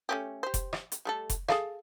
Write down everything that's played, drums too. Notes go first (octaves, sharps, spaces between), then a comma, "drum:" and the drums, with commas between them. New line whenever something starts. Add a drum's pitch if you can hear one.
A3 C#4 G4
G4 C5
drum: kick F1, hi-hat
drum: rim click
drum: hi-hat
G3 A3 A4
drum: kick F1, hi-hat
G#4 A4 F5, drum: rim click